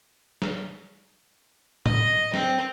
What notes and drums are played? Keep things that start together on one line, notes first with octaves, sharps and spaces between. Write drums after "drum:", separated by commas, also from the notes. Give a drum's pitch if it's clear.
drum: snare
D#5, drum: tom A2
C4, drum: snare